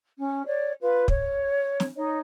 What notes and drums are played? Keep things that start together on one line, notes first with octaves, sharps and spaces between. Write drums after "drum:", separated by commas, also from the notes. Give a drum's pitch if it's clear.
C#4
C#5 D5
F4 B4
C#5, drum: kick
drum: snare
D#4 C#5 D#5